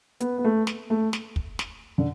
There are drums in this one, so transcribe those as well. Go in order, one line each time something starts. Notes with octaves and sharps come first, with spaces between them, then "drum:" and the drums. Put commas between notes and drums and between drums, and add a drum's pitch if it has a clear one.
B3, drum: hi-hat
B3
A3
drum: snare
A3
drum: snare
drum: kick
drum: snare
D3